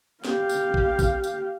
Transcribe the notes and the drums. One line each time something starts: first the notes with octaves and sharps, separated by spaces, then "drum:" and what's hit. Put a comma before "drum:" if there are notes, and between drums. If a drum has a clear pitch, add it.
G4 F5, drum: snare
drum: tambourine
drum: kick
drum: kick, tambourine
drum: tambourine